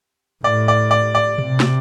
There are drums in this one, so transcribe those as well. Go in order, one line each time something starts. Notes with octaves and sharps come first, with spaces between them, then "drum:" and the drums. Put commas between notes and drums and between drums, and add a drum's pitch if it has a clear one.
A2 D5
D5
D5
D5
C3, drum: tom B2
drum: snare